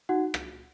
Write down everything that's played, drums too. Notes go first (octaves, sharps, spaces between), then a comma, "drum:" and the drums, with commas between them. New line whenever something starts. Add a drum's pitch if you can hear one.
D#4 F#4 F#5
drum: rim click